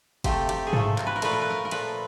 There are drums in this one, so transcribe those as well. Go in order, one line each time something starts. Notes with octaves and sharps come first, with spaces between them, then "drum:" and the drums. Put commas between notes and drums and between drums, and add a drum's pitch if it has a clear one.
C3 F3 A3 G4, drum: kick, cymbal
G4, drum: cymbal
G#4
C3 F3 A3 A4, drum: tom G#2
A#4, drum: clap
B4
A#4
A#2 F3 A3 B4, drum: cymbal
A#4
B4
A#4
A#4
A#2 F3 A3 B4, drum: cymbal